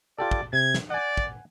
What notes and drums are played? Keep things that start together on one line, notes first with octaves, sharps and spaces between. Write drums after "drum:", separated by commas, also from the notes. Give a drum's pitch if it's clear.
F4 G4 A4 D5
drum: kick
C3 G#6
drum: snare
D5 F#5 G#5
drum: kick